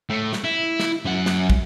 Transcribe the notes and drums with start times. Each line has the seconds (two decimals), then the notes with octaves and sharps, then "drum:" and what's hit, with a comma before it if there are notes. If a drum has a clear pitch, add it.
0.10 A2 A3
0.33 drum: snare
0.44 E4
0.80 drum: snare
1.05 F#2 F#5
1.26 drum: snare
1.50 drum: kick